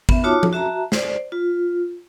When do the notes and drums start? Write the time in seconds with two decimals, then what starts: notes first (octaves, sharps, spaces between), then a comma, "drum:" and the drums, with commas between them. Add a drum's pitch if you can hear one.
0.09 B3 E5, drum: kick G#1
0.24 D#4 F4 F#4 C#5 A5 D6
0.43 drum: tom F3
0.53 F#4 E5 A5 A#5
0.92 C5 D5, drum: snare
1.32 F4